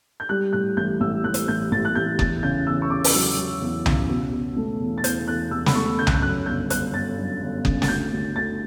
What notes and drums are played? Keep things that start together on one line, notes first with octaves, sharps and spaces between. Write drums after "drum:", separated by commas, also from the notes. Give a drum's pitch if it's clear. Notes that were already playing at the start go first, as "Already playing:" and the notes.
G6
G3 F#6
A2 F#6
A1 G6
A1 E6
A1 F#6
drum: hi-hat
A1 G6
A1 A6
F#6
A1 G6
E2 A6, drum: kick F#1
C#3 G6
E2 E6
C#6
C#3 D6
drum: open hi-hat
F#3 E6
F#3
E2
C#3, drum: tom C2
B2
B2
A3
E2
A6
E2 G6, drum: hi-hat
E2 F#6
E2 E6
B5, drum: snare
A3 C#6
C#3 G6
F#6, drum: tom C2
G6
F#2 F#6
G1 G6
G1 F#6, drum: hi-hat
G1 A6
F#2
G1
C#3, drum: kick F#1
A6, drum: snare
D2 G6
D2
D2 A6